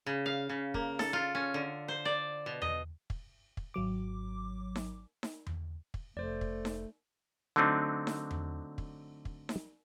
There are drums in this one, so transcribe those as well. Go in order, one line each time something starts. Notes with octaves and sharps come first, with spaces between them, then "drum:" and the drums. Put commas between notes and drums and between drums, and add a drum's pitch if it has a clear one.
C#3
F5
C#3
A#3, drum: kick
A4, drum: snare D#4
F4
C#4
D3
C5
D5
B2
D#5, drum: tom E2
drum: kick
drum: kick
G#1 F#3 D6
drum: snare D#4
drum: snare D#4
drum: tom E2
drum: kick
F1 A3 C5 D5
drum: kick
drum: snare D#4
D3 F#3 A3 C4 D4 D#4
drum: snare D#4
drum: tom E2
drum: kick
drum: kick
drum: snare D#4